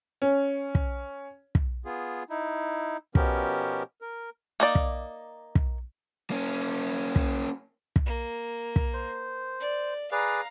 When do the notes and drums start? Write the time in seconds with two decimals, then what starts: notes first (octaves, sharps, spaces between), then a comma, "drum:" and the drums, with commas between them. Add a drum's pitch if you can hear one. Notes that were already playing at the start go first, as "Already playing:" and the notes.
0.22 C#4
0.75 drum: kick
1.55 drum: kick
1.85 B3 F4 G#4
2.30 D#4 E4
3.15 B2 F3 B3 C#4 G4 A#4, drum: kick
4.02 A#4
4.60 A#3 D#4 D5
4.75 drum: kick
5.55 drum: kick
6.31 A#3 C#4
7.16 drum: kick
7.96 drum: kick
8.06 A#3
8.76 drum: kick
8.94 C5
9.60 D5
10.12 G#4 B4 D5 F5 A#5